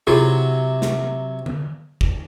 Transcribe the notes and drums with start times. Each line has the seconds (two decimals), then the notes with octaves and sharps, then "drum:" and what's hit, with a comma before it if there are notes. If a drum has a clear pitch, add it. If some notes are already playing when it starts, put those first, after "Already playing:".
0.07 C3 F#3 E4 F4 G#4
0.82 drum: snare
1.46 drum: tom D3
2.01 drum: kick